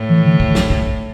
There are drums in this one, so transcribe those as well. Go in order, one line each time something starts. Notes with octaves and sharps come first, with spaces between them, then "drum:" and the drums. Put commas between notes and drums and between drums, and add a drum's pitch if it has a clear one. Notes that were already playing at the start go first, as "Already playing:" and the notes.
Already playing: A2
E3
D3
drum: kick
drum: snare
drum: kick